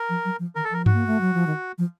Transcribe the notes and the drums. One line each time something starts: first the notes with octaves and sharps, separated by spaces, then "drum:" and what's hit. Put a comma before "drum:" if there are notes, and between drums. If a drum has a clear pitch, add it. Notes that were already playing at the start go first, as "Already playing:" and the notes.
Already playing: A#4
F3
F#3
F3
D#3 A#4
A4
F3 A#4
F#4, drum: tom G2
A#3
A3
F#3
F3
D#3
F3